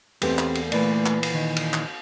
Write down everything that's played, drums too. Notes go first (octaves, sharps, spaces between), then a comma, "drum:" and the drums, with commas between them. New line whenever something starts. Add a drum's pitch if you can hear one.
E2 A3 C4 G4, drum: cymbal
drum: clap
drum: cymbal
A#2 E3 A3 D5, drum: cymbal
drum: clap
drum: cymbal
D#3
drum: cymbal
drum: clap